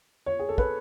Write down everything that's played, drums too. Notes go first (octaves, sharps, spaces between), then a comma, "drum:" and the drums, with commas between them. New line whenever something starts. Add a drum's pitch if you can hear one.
C#5
G#4
A4
B4, drum: kick